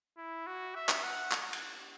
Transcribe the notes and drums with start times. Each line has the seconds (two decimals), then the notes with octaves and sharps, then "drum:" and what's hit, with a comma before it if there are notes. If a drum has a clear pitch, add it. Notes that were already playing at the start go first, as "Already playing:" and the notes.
0.17 E4
0.47 F#4
0.75 E5
0.89 drum: clap
1.03 F#5
1.31 drum: clap
1.53 drum: cymbal